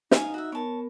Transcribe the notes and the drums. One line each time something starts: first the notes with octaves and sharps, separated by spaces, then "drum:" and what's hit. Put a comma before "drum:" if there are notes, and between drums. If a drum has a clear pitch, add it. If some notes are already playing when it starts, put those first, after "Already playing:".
D#4 F5 G#5, drum: snare
F#4 E5
B3 A#4 C#5 A5